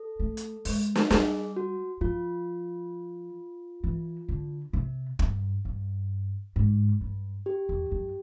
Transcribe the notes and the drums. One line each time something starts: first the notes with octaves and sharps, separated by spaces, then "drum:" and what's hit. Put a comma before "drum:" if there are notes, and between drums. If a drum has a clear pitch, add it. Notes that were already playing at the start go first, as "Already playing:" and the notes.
Already playing: A4
A3
drum: hi-hat
G#3, drum: open hi-hat
drum: snare
G3 G#4, drum: snare
F#4
F3 F4
E3
D3
C3
G2, drum: kick
G2
G#2
G2
G4
E2
F#2